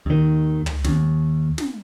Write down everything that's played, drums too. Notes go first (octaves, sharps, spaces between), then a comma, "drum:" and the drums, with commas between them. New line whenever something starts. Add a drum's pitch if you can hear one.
D#2 D#3
drum: tom
D#2, drum: snare
drum: snare